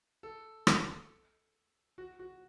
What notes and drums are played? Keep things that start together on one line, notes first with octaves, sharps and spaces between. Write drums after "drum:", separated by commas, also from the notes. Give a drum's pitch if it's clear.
A4
drum: rim click
F#4
F#4